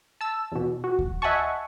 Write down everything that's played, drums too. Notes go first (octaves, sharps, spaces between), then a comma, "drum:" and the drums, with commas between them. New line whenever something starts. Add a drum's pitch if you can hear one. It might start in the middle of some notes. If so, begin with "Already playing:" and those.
A5 E6
E2 B2
F#4
drum: kick D2
D#5 E5 F#5 G#5 A5 C#6